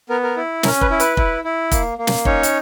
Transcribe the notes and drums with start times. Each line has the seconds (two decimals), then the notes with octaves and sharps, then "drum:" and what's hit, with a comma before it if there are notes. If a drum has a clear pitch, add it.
0.09 B3 A#4
0.23 A#4
0.36 E4
0.63 C#4 A#4, drum: snare
0.81 B4, drum: kick
0.90 E4
1.00 B4, drum: hi-hat
1.17 E4, drum: kick
1.44 E4
1.72 A#3, drum: kick, hi-hat
1.98 A#3
2.07 drum: snare
2.25 C#4 D#4 C#5, drum: kick
2.43 drum: hi-hat